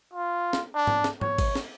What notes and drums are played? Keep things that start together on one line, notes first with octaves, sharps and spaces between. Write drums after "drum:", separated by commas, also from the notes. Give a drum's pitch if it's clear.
F4
drum: snare
D4
drum: tom G#2
drum: snare
C#5, drum: tom G#2
drum: kick G#1, cymbal
drum: snare